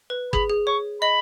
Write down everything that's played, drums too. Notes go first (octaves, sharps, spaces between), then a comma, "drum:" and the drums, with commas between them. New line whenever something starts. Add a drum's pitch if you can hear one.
B4
G#4 B5, drum: kick
G#4
C#5 C#6
D#5 B5